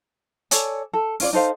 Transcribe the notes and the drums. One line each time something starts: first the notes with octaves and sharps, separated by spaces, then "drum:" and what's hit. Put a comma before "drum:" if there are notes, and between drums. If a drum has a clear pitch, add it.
A4 C#5 D5 G#5, drum: hi-hat
A4
C#4 F4 C5 D5, drum: open hi-hat
D#4 A4 C5 F5